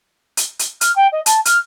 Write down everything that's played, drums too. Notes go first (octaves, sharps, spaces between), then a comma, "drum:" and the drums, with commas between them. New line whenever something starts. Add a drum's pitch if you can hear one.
drum: hi-hat
drum: hi-hat
F6, drum: hi-hat
G5
D#5
A5, drum: hi-hat
F6, drum: hi-hat